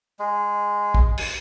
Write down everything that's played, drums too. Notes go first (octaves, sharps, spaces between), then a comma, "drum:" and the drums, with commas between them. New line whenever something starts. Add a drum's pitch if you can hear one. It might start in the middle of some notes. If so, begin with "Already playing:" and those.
G#3
drum: kick
drum: cymbal